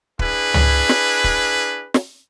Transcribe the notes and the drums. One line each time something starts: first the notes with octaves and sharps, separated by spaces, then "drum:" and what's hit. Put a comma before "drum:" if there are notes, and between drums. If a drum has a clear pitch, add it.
D4 E4 G#4 B4, drum: kick
drum: tom C#2
drum: snare
drum: kick
drum: snare